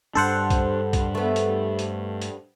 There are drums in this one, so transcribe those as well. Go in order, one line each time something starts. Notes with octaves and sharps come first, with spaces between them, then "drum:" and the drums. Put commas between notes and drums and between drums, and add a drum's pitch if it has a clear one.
G2 D4 A4 C5 F#5
drum: kick, hi-hat
drum: kick, hi-hat
A3 B3
drum: hi-hat
drum: hi-hat
drum: hi-hat